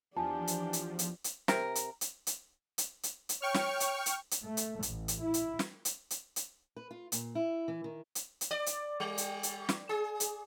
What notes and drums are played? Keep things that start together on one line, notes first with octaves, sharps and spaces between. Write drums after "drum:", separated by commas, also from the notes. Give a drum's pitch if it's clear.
E2 F3 D4 G4 G#5 A5
drum: hi-hat
drum: hi-hat
drum: hi-hat
drum: hi-hat
C3 A#4, drum: snare
drum: hi-hat
drum: hi-hat
drum: hi-hat
drum: hi-hat
drum: hi-hat
drum: hi-hat
C#5 G5 C#6 F6
drum: snare
drum: hi-hat
drum: hi-hat
drum: hi-hat
A3
drum: hi-hat
A1, drum: hi-hat
drum: hi-hat
E4
drum: hi-hat
drum: snare
drum: hi-hat
drum: hi-hat
drum: hi-hat
B4
F4
A#2, drum: hi-hat
E4
E3
D#3
drum: hi-hat
drum: hi-hat
D5
drum: hi-hat
G3
drum: hi-hat
drum: hi-hat
drum: snare
G#4
drum: hi-hat